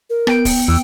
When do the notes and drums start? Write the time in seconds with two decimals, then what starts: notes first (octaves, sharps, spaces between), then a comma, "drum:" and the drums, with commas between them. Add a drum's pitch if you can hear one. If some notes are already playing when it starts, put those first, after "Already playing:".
0.10 A#4
0.27 B3 G5 D7, drum: rim click
0.45 drum: kick D1, open hi-hat
0.68 E2 E6